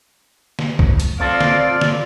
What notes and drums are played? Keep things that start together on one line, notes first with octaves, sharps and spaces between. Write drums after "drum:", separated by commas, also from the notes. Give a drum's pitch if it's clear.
drum: snare
drum: kick
drum: hi-hat
C4 F4 A4 D5 F5
drum: snare
drum: snare